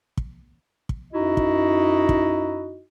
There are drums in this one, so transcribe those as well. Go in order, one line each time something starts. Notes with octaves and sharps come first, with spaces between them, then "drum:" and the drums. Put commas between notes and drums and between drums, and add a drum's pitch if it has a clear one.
drum: kick
drum: kick
F#2 D#4 E4 F#4 D#5
drum: kick
drum: kick